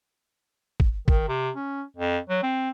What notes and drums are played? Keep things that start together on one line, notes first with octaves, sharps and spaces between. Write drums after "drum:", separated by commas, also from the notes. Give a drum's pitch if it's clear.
drum: kick
D#3, drum: kick
C3
C#4
F2
F#3
C4